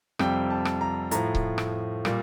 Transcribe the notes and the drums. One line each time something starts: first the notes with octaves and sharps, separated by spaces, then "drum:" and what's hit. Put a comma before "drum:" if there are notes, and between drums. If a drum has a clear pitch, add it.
F2 C3 G3 G5, drum: rim click
A5
drum: rim click
A#5
A2 F3 A#5, drum: hi-hat
drum: kick C#1
drum: rim click
A#2 G3, drum: rim click